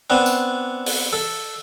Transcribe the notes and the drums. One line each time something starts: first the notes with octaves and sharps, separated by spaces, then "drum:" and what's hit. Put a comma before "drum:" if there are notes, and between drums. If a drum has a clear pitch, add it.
B3 C4 D4
drum: tambourine
drum: open hi-hat
A4